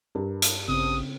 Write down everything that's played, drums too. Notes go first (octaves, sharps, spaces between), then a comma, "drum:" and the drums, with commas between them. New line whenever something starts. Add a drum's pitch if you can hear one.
G2 A#4
drum: hi-hat
A1 C#3 B3 C4 D#6